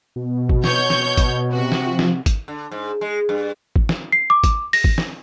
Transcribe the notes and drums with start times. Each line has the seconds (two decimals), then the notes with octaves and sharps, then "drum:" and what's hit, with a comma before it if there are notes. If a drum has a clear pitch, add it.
0.16 B2
0.49 drum: kick G#1
0.64 C#5 G6, drum: snare
0.90 drum: snare
1.17 drum: kick G#1, hi-hat
1.52 C3 F#4
1.72 drum: snare
1.87 F3
1.99 drum: snare
2.26 drum: kick G#1, hi-hat
2.48 D3
2.72 G#2
3.01 G#3
3.29 G2
3.76 drum: kick G#1
3.89 drum: snare
4.12 C7
4.30 D6
4.44 drum: kick G#1, hi-hat
4.73 A#6, drum: open hi-hat
4.84 drum: kick G#1
4.98 drum: snare